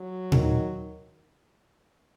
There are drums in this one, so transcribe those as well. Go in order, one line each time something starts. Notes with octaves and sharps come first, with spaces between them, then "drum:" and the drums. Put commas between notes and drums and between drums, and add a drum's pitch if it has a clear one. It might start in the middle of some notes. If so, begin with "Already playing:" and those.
Already playing: F#3
D#3, drum: tom A#2